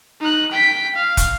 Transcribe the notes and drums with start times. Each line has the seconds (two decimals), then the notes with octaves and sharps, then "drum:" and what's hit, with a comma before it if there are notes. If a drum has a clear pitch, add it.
0.20 D#4 F#6
0.51 G5 B6
0.96 F5
1.17 drum: kick, hi-hat